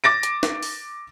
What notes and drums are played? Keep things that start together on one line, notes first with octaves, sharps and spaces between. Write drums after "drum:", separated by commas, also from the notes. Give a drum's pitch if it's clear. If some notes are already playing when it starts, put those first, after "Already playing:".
D6 A6 A#6 D7
drum: hi-hat
drum: snare
drum: open hi-hat